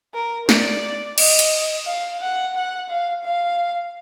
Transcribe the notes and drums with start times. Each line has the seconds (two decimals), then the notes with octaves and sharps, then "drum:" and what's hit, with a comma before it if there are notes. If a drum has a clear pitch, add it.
0.14 A#4
0.49 D5, drum: snare
1.18 D#5, drum: cymbal
1.39 drum: hi-hat
1.86 F5
2.21 F#5
2.56 F#5
2.89 F5
3.24 F5